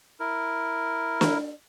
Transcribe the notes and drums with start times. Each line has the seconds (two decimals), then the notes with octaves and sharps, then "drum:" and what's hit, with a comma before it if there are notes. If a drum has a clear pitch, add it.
0.20 E4 A#4
1.21 drum: snare